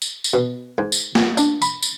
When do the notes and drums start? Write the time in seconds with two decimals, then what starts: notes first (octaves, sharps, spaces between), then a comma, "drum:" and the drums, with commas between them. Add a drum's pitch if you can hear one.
0.02 drum: tambourine
0.24 drum: tambourine
0.34 B2
0.78 G#2
0.92 drum: tambourine
1.15 G#5, drum: snare
1.37 D4, drum: tambourine
1.62 B5, drum: tambourine
1.83 drum: tambourine